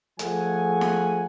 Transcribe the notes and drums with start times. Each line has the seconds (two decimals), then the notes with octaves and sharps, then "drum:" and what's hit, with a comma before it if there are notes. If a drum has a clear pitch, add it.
0.19 F3 A3 G#4 F#5 G#5, drum: hi-hat
0.81 drum: snare